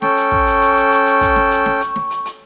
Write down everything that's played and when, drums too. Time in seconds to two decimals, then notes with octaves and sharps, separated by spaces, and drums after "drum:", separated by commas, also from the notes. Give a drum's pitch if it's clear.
0.02 C#4 A4 G5 C#6, drum: snare
0.17 drum: hi-hat
0.32 drum: kick
0.47 drum: hi-hat
0.61 drum: hi-hat
0.76 drum: hi-hat
0.91 drum: hi-hat
1.06 drum: hi-hat
1.21 drum: kick, hi-hat
1.36 drum: snare
1.51 drum: hi-hat
1.66 drum: snare
1.81 drum: hi-hat
1.96 drum: snare
2.11 drum: hi-hat
2.25 drum: hi-hat